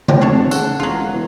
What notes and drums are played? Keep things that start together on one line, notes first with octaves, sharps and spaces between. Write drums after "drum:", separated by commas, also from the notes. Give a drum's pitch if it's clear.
drum: tom C#3
F1 D4 A4 C#5
C#3 A4 F#5, drum: tambourine
E1 F#3 F4
E3